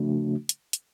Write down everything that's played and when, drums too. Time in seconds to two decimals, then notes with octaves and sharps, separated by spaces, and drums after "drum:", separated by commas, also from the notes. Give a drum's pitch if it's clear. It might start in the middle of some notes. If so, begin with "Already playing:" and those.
Already playing: C#3 F3 A3 D4 F#4
0.49 drum: hi-hat
0.73 drum: hi-hat